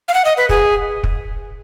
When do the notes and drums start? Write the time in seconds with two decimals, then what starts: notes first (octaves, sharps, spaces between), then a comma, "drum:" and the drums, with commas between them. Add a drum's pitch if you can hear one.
0.08 F5
0.14 F#5
0.25 D#5
0.37 B4
0.49 G#4, drum: kick
1.04 drum: kick